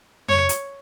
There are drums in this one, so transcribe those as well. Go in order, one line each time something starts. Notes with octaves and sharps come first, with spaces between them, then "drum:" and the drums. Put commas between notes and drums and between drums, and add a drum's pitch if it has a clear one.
C#5, drum: tom F2
drum: hi-hat